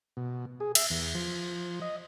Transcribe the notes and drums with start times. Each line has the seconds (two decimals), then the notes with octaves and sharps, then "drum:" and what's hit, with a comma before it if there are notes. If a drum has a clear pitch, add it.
0.17 B2
0.60 G#4
0.75 E5, drum: cymbal
0.90 E2
1.15 F3
1.82 D#5